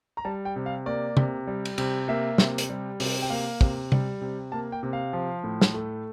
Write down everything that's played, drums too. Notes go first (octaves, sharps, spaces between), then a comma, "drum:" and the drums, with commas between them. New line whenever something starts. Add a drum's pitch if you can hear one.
A#5
G3 A5
G5
C3
F5
A#3 D5
C3, drum: tom
G3
drum: cymbal
C3, drum: cymbal
A#3 E5
C3, drum: snare
drum: hi-hat
G3
C3, drum: open hi-hat
G5
A#3 F5
C3, drum: kick
G3, drum: tom
C3
A#3 A5
G5
C3
F5
F3
A2
drum: snare
A3